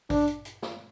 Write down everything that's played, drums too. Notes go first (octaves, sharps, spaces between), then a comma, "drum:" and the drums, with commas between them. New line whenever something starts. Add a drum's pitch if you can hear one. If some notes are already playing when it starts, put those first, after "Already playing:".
D4, drum: kick G#1, open hi-hat
drum: hi-hat
drum: hi-hat
drum: snare